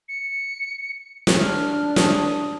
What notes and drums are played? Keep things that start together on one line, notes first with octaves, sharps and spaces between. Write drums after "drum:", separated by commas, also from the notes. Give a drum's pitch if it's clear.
C#7
drum: snare
D4 F6
D#6, drum: snare